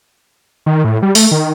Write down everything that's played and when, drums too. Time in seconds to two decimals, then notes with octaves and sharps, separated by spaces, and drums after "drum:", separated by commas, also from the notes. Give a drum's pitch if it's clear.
0.66 D#3
0.84 A2
1.03 G3
1.15 A3, drum: open hi-hat
1.31 D#3